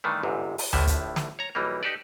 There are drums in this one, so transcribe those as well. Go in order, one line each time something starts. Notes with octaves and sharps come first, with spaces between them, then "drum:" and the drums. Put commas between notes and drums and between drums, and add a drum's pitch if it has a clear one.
G2 D#3 E3 A3
G1 E2 G#2 C3
drum: open hi-hat
A#1 A2 D3 F3 E5, drum: tom D2
drum: kick, hi-hat
drum: snare
C#5 A#5
B1 E3 G3 A#3
D#4 G4 A4 B4 D5